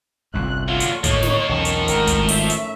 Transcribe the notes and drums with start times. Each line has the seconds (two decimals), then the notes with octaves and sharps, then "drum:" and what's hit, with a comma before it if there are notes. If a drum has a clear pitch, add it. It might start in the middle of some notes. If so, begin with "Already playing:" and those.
0.34 G1 C2 G2 F4 E5 F#6
0.68 A#2 D3 F#3 E4 F4 F#5
0.80 drum: hi-hat
1.04 A2 D3 D#3 A#3 D#4 C#5, drum: kick, hi-hat
1.23 drum: snare
1.49 B1 E2 F3 C#4 A4 A#4 G5
1.65 drum: hi-hat
1.88 G#1 A2 A#4, drum: hi-hat
2.07 drum: kick, hi-hat
2.29 C#5 E5, drum: open hi-hat
2.50 drum: hi-hat